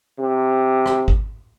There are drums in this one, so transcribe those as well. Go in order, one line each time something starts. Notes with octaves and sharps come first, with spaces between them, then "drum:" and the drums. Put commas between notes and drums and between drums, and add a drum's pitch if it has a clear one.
C3
drum: rim click
drum: kick G#1